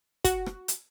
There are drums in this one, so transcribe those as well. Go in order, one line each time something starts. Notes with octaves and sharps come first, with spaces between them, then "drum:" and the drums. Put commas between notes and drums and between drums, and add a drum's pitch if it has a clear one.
F#4, drum: kick, hi-hat
drum: rim click
drum: hi-hat